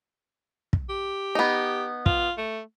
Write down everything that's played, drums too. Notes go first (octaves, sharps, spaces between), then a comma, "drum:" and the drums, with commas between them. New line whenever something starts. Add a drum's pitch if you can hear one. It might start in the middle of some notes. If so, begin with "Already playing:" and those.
drum: kick
G4
B3 D#4
F4, drum: kick
A3